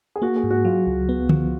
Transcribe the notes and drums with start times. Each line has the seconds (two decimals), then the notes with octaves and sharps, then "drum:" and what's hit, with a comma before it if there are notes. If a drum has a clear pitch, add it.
0.16 G#4
0.22 A#3 F#4
0.36 G#4
0.44 G#2
0.50 F#4
0.65 F#3 F4
0.87 C#2
1.09 B3
1.29 F3, drum: tom D3